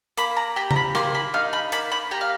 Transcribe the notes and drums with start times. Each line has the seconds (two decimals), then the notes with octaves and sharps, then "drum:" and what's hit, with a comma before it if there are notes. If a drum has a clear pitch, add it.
0.18 A#3 B5, drum: hi-hat
0.37 A#5
0.56 G4 B5
0.71 A#5, drum: tom C#3
0.76 B5
0.95 A#3 C6, drum: rim click
1.15 B5
1.34 D#4 F5
1.53 B5
1.72 A#3 B5, drum: hi-hat
1.92 B5
2.11 G4 A#5
2.21 F5